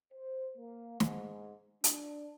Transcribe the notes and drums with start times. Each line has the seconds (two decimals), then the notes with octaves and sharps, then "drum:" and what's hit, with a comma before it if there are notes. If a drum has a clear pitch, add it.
0.13 C5
0.57 A#3
1.00 G#2, drum: snare
1.84 D4, drum: hi-hat